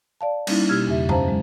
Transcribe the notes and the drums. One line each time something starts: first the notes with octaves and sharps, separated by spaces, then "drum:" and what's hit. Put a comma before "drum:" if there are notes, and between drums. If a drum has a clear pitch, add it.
D5 F5 A5
G3 A#3 C#4 D#4 E4, drum: cymbal
B2 A#3 G4 E6 F6 G#6
E2 C#3 G4 E5
C#4 C5 F5 A5 A#5, drum: tom F#2
F#3 G#3